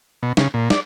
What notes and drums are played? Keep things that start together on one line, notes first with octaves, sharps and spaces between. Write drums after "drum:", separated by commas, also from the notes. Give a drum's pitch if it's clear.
B2
C#3, drum: snare
A#2
D5, drum: snare